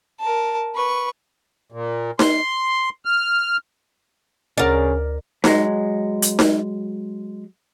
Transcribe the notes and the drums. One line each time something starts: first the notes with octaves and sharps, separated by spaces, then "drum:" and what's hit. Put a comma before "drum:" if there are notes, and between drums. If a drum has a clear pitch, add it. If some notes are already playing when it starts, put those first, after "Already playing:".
A#4 A5
B4 C#6
A#2
C6, drum: snare D#4
F6
D2 C#3 A#4 D5 G#5
F#3 G#3, drum: snare D#4
drum: hi-hat
drum: snare D#4